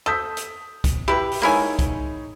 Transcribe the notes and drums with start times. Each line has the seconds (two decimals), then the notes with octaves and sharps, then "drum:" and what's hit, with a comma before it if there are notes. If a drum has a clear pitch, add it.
0.06 A4 D#6 G6 B6
0.37 drum: hi-hat
0.84 drum: kick, hi-hat
1.08 E4 G4 B4
1.31 drum: open hi-hat
1.42 G#3 A#3 D#4 E4 C#5 G#5
1.79 drum: kick, hi-hat